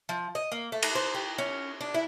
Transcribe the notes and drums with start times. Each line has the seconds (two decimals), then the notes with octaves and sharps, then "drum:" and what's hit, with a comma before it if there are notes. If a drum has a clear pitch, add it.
0.09 F3
0.35 D#5
0.52 A#3
0.72 A3
0.83 drum: cymbal
0.95 C5
1.15 G4
1.38 C#4
1.81 D4
1.94 E4